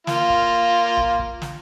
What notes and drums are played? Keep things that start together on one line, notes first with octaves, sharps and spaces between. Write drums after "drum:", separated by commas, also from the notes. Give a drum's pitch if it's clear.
A#3 F4, drum: snare
drum: kick
drum: tom B1
drum: kick
drum: snare